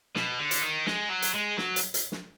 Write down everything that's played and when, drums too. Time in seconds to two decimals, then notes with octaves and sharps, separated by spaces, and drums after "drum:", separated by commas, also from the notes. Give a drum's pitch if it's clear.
0.16 B2, drum: snare
0.39 D3
0.51 drum: hi-hat
0.62 D#3
0.87 G#3, drum: snare
1.10 F#3
1.22 drum: hi-hat
1.35 G#3
1.58 F#3, drum: snare
1.76 drum: hi-hat
1.94 drum: hi-hat
2.12 drum: snare